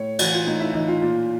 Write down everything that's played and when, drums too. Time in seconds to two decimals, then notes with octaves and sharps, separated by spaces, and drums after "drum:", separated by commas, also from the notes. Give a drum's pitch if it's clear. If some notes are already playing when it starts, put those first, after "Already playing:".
Already playing: A2 C#5
0.19 E3 F#4, drum: cymbal
0.33 F4
0.46 A2 D#4
0.60 E4
0.74 E3 D#4
0.88 F4
1.02 A#2